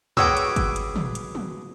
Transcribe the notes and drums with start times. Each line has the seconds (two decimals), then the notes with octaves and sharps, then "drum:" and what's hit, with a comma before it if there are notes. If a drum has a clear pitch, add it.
0.17 F#4 G#4 B4 C#5 G5 D6 E6, drum: tom
0.37 drum: hi-hat
0.56 drum: kick, hi-hat
0.76 drum: hi-hat
0.96 drum: tom
1.15 drum: hi-hat
1.35 drum: tom